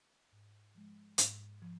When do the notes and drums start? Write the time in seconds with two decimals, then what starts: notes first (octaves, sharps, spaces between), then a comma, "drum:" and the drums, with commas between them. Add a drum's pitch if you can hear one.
0.32 G#2
0.75 F3 G#3
1.18 G#2, drum: hi-hat
1.62 F3